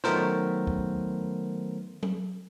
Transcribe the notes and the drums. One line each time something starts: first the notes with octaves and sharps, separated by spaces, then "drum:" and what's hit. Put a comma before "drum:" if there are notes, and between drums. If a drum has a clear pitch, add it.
D#3 F#3 A3 B3 A#4 C5, drum: snare
drum: kick
drum: tom F#3